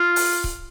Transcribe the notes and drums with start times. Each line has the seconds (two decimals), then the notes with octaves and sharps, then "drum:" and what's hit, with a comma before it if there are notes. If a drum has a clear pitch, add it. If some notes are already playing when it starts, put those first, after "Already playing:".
Already playing: F4
0.16 drum: open hi-hat
0.44 drum: kick C#1